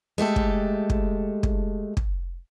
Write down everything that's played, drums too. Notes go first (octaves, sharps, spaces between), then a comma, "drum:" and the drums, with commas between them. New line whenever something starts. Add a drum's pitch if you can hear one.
G#3 A3 G4 A4
drum: kick
drum: kick
drum: kick
drum: kick